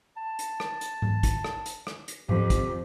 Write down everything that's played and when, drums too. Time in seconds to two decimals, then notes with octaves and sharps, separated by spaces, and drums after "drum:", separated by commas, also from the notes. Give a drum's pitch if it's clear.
0.17 A5
0.39 drum: hi-hat
0.60 drum: rim click
0.81 drum: hi-hat
1.02 drum: tom G#2
1.23 drum: kick, hi-hat
1.44 drum: rim click
1.66 drum: hi-hat
1.87 drum: rim click
2.08 drum: hi-hat
2.29 F2 G4, drum: tom G#2
2.50 drum: kick, hi-hat